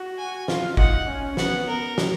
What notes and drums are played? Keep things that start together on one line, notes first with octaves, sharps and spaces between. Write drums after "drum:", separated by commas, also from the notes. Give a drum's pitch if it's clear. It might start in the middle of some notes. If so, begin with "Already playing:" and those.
Already playing: F#4
G#5
F4, drum: snare
D#4 F#5, drum: kick
C#4
B3 F#5, drum: snare
A#4
drum: snare